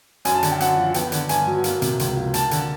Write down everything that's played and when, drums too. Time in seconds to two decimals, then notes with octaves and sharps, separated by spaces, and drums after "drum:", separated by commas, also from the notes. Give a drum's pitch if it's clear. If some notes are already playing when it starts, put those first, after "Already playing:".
0.25 F#2 G#5, drum: hi-hat
0.34 A5
0.43 D3, drum: hi-hat
0.52 G5
0.60 F#2 F#5, drum: hi-hat
0.77 F3
0.94 B3 G5, drum: hi-hat
1.12 D3, drum: hi-hat
1.29 G2 G#5, drum: hi-hat
1.47 F#3
1.64 A#3, drum: hi-hat
1.82 C3, drum: hi-hat
1.99 C#2, drum: hi-hat
2.16 F3
2.34 A#3 A5, drum: hi-hat
2.51 D3, drum: hi-hat